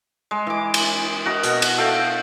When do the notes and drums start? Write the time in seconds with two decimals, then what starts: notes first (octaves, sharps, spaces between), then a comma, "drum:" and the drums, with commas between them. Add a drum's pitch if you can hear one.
0.31 G#3
0.47 E3 D6
0.74 drum: cymbal
1.26 F#4 A#4 D#5
1.43 B2, drum: hi-hat
1.62 drum: cymbal
1.78 A4 F5 G5